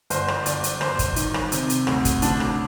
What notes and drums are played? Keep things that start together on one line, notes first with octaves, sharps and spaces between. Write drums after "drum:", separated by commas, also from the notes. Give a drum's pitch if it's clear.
G1 C5, drum: hi-hat
drum: rim click
G1 D5, drum: hi-hat
drum: hi-hat
G1 C5, drum: rim click
drum: kick G1, hi-hat
D#3, drum: hi-hat
drum: rim click
C3, drum: hi-hat
drum: hi-hat
D2, drum: rim click
drum: kick G1, hi-hat
D2 D4, drum: hi-hat
drum: rim click